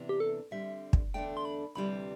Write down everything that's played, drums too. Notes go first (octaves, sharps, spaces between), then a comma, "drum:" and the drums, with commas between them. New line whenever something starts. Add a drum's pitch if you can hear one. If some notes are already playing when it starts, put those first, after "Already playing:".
Already playing: C3 E3 B3 D4
G4
A4
D3 G3 C4 E5
drum: kick
E2 D3 A3 D4 G5
C6
B5
D2 C3 E3 G3 C4 B5